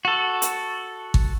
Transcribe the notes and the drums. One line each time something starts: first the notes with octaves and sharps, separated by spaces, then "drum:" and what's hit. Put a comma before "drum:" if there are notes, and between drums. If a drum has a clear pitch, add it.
F#4 A4
drum: hi-hat
drum: kick G#1